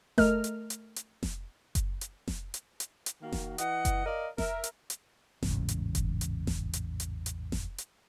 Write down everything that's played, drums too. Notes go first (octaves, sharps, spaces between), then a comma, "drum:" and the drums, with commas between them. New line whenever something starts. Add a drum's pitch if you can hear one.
A3 A#4 D#5 F6, drum: snare F1
drum: hi-hat
drum: hi-hat
drum: hi-hat
drum: snare F1
drum: kick F#1, hi-hat
drum: hi-hat
drum: snare F1
drum: hi-hat
drum: hi-hat
drum: hi-hat
D#3 A#3 F#4
drum: snare F1
E3 D#5 F#5, drum: hi-hat
drum: kick F#1, hi-hat
A#4 D5 D#5 F5
A#4 E5, drum: snare F1
drum: hi-hat
drum: hi-hat
A1 E2 G#2 C#3, drum: snare F1
drum: hi-hat
drum: kick F#1, hi-hat
drum: hi-hat
drum: snare F1
drum: hi-hat
drum: hi-hat
drum: hi-hat
drum: snare F1
drum: hi-hat